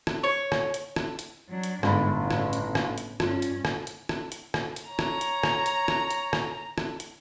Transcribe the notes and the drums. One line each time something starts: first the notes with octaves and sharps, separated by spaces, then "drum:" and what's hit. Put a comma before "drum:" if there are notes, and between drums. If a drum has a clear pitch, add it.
drum: rim click
C#5
drum: rim click
drum: hi-hat
drum: rim click
drum: hi-hat
F#3 D4
drum: hi-hat
G1 G#2 B5, drum: rim click
A2 C#3
drum: rim click
drum: hi-hat
drum: rim click
drum: hi-hat
G2 C#4 F4, drum: rim click
drum: hi-hat
drum: rim click
drum: hi-hat
drum: rim click
drum: hi-hat
drum: rim click
drum: hi-hat
C#5 A#5
drum: rim click
drum: hi-hat
drum: rim click
drum: hi-hat
drum: rim click
drum: hi-hat
drum: rim click
drum: rim click
drum: hi-hat